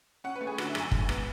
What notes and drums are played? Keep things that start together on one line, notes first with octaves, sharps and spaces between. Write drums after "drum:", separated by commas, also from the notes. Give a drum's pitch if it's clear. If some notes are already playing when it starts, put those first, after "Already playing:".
C#4 F#5
B4
A3
G#4
D3 F#4, drum: rim click
E5
F#2, drum: rim click
G#5
G#2, drum: kick
B3, drum: rim click